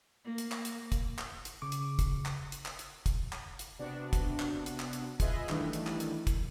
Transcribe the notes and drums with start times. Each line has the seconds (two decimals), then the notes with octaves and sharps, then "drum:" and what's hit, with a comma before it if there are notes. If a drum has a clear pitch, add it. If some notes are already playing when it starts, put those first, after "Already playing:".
0.25 A#3
0.38 drum: hi-hat
0.52 drum: clap
0.65 drum: hi-hat
0.92 drum: kick, hi-hat
1.18 drum: clap
1.45 drum: hi-hat
1.62 C#3 C#6 D6
1.72 drum: hi-hat
1.99 drum: kick, hi-hat
2.25 drum: clap
2.52 drum: hi-hat
2.66 drum: clap
2.79 drum: hi-hat
3.06 drum: kick, hi-hat
3.33 drum: clap
3.59 drum: hi-hat
3.79 C3 B3 D4 F#4
4.13 drum: kick, hi-hat
4.40 drum: clap
4.66 drum: hi-hat
4.80 drum: clap
4.93 drum: hi-hat
5.20 F4 G#4 B4 D#5 E5, drum: kick, hi-hat
5.49 D#3 E3 G3 A3 D4 E4, drum: clap
5.73 drum: hi-hat
5.87 drum: clap
6.00 drum: hi-hat
6.27 drum: kick, hi-hat